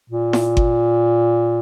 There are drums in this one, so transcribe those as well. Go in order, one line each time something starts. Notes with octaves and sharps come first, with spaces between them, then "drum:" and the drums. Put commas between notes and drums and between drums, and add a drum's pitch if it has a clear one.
A#2
drum: snare E4
drum: kick G1